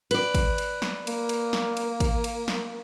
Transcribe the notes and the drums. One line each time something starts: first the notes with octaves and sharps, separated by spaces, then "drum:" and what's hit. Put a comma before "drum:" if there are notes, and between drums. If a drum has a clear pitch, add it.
B4 D5, drum: cymbal
drum: kick A1, cymbal
drum: cymbal
drum: snare
A#3, drum: cymbal
drum: cymbal
drum: snare
drum: cymbal
drum: kick A1, cymbal
drum: cymbal
drum: snare